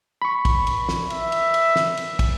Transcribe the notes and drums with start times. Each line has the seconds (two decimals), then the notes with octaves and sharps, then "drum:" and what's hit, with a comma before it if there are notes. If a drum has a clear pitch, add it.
0.22 B5 C#6
0.45 drum: kick, cymbal
0.67 drum: cymbal
0.89 drum: snare
1.10 E5, drum: cymbal
1.32 drum: cymbal
1.54 drum: cymbal
1.76 drum: snare
1.97 drum: cymbal
2.19 drum: kick, cymbal